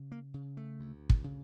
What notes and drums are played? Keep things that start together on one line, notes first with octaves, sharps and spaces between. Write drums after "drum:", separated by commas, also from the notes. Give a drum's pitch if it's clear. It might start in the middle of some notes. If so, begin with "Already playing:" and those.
Already playing: C#3
A#3
C#3
A3
D2
drum: kick
C#3